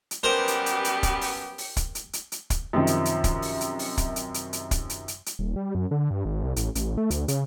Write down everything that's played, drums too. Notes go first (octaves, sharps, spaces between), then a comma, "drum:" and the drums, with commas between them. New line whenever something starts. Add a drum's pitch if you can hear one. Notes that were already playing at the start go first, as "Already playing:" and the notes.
drum: hi-hat
F#2 G3 B3 G4 A#4 C5
drum: hi-hat
drum: hi-hat
drum: hi-hat
drum: kick, hi-hat
drum: open hi-hat
drum: open hi-hat
drum: kick, hi-hat
drum: hi-hat
drum: hi-hat
drum: hi-hat
drum: kick, hi-hat
F#2 C3 D#3 F3
drum: hi-hat
drum: hi-hat
drum: kick, hi-hat
drum: open hi-hat
drum: hi-hat
drum: open hi-hat
drum: kick, hi-hat
drum: hi-hat
drum: hi-hat
drum: hi-hat
drum: kick, hi-hat
drum: hi-hat
drum: hi-hat
drum: hi-hat
D#1
G3
F#2
D3
G2
G#1
C2
A1, drum: hi-hat
A1, drum: hi-hat
A3
D2, drum: hi-hat
C#3, drum: hi-hat